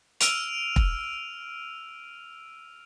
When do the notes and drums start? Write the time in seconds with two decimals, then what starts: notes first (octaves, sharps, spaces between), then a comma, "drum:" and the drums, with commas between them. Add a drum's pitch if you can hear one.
0.20 E6 F6 D7 D#7 F7, drum: hi-hat
0.76 drum: kick